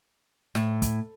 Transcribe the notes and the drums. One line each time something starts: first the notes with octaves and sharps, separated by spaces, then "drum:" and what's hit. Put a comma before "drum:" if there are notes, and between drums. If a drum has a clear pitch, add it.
A2, drum: snare
drum: kick, hi-hat